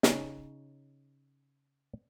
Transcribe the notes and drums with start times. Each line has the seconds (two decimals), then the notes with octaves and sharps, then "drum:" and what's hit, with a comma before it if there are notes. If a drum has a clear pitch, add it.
0.03 C#3 D#4 C#5 G#5, drum: snare